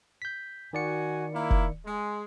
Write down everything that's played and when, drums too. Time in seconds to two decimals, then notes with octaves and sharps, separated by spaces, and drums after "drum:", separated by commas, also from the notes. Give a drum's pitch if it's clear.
0.22 G6 B6
0.73 D#3 F#4 D5 G#5 C#7
1.33 A#3 E4
1.50 drum: kick
1.85 G#3